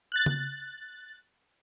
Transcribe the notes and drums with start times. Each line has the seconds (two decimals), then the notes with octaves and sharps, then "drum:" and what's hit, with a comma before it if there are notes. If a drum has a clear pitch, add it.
0.12 F#6 A6
0.26 drum: tom C#3